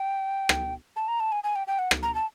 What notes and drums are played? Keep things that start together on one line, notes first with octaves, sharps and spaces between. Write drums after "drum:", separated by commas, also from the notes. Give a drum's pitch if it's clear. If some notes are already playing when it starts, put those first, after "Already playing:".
Already playing: G5
drum: rim click
A5
A#5
A5
G#5
G#5
G5
G5
F#5
drum: rim click
A#5
A5